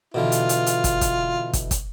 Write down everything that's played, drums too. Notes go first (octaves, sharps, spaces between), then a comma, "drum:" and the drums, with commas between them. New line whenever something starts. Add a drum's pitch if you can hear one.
B2 D3 E3 F4
drum: hi-hat
drum: hi-hat
drum: hi-hat
drum: kick, hi-hat
drum: kick, hi-hat
drum: kick, hi-hat
drum: kick, hi-hat